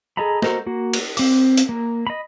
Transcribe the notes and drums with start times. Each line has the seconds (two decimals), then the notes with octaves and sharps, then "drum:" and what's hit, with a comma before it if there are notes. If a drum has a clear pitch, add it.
0.17 G#4 A4 D#5 A#5 B5
0.42 F#4 A4 A#4 C5 D#5, drum: snare
0.66 A#3 F#4
0.93 drum: cymbal
1.17 C4 D6, drum: open hi-hat
1.57 drum: hi-hat
1.69 A#3
2.07 D#5 B5